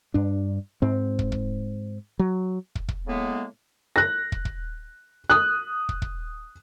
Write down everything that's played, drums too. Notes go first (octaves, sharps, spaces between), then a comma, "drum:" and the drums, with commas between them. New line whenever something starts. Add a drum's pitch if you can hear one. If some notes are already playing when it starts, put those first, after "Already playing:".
G2 D4
G#2 C4
drum: kick
drum: kick
F#3
drum: kick
drum: kick
A2 C#3 G#3 A#3 B3
F#6 A#6
drum: kick
drum: kick
D#6 F#6
drum: kick
drum: kick